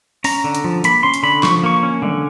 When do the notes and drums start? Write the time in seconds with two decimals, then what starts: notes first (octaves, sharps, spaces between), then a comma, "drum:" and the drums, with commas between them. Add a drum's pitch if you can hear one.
0.24 C#4 A#5, drum: open hi-hat
0.44 D3
0.55 drum: hi-hat
0.64 F3
0.84 A#3 B5, drum: hi-hat
1.03 C#4 C6
1.14 drum: hi-hat
1.23 D3 B5
1.43 F3 C#6, drum: snare
1.63 A#3 C#6
1.83 C#4
2.02 D3, drum: tom